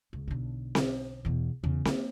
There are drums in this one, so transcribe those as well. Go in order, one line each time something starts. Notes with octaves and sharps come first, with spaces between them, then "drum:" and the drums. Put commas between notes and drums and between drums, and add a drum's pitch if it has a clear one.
C#2
B1 D3
drum: snare C4
E2 B2
E2 C#3
A#3, drum: snare C4